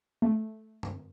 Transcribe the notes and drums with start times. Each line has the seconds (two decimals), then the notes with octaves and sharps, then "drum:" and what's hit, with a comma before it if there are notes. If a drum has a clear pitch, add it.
0.22 A3
0.83 drum: tom F#2